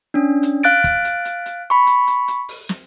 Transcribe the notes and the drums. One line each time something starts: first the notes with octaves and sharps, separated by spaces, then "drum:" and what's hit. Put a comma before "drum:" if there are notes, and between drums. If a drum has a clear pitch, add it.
C#4 D4
drum: hi-hat
F5 F#6 A6 D7
drum: kick, hi-hat
drum: hi-hat
drum: hi-hat
drum: hi-hat
B5 C#6
drum: hi-hat
drum: hi-hat
drum: hi-hat
drum: open hi-hat
drum: snare